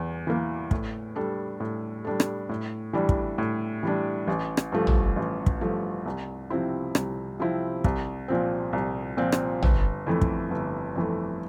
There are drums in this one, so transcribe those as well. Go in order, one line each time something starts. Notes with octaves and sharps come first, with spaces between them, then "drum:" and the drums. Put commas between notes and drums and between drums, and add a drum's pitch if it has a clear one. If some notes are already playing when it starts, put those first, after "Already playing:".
Already playing: E2
E3 A#3
A2, drum: kick
G3 D4 A4
A2
G3 D4 A4
drum: rim click
A2
E3 G3 D4
drum: kick
A2
E3 G3 D4
A1
drum: rim click
G2 F3 A3
drum: tom
A1
drum: kick
G2 F3 A3
C2
C3 F3 C4 E4
C2, drum: rim click
C3 F3 C4 E4
C2, drum: kick
A#2 F3 C4
C2
A#2 F3 C4
drum: rim click
G1, drum: tom
F2 E3 A3
drum: kick
G1
F2 E3 A3